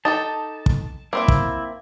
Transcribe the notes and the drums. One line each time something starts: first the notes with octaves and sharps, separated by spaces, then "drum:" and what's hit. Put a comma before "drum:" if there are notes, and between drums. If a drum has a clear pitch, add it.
D#4 G4 A4 A5
drum: kick
A#3 C4 E4 E5
drum: kick